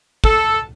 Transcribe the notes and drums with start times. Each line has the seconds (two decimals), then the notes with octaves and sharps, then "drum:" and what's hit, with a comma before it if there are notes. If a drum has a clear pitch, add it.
0.24 A4, drum: kick